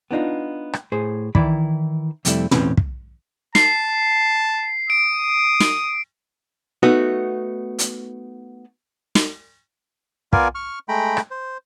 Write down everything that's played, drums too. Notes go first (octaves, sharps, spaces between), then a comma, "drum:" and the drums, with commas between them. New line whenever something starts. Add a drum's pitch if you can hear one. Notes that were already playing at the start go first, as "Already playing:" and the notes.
B3 D4 D#4 F4
drum: rim click
A2 G#4 C5
D#3 E3 E4 D5 B5, drum: kick
F2 C3 G3 A3 E4, drum: hi-hat
E2 A2 C4 C#4 B4, drum: tom
drum: kick
A5 C7, drum: snare
D#6 D7
drum: snare
A3 B3 D#4 F#4
drum: hi-hat
drum: snare
B3 F4 A#4 D5 F5 G#5, drum: kick
C#6 F6
G#3 A3 G5 A#5 B5
drum: rim click
C5